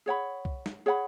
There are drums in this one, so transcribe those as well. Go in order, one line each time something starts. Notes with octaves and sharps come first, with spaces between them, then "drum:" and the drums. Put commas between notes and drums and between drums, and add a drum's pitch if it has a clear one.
G#4 C#5 F#5 B5
drum: kick C2
drum: snare
G#4 C#5 F#5 B5